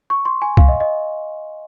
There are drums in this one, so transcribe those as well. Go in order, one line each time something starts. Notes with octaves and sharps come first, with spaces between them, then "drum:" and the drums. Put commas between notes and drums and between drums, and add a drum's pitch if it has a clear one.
C#6
C6
G#5
F5, drum: kick C2
D#5
D#5